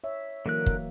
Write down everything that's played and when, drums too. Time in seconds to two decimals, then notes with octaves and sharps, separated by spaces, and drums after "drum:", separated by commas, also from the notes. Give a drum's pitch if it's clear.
0.04 C#5 E5
0.46 D3 E3 F#3 A#3 A#4 F#6
0.66 drum: kick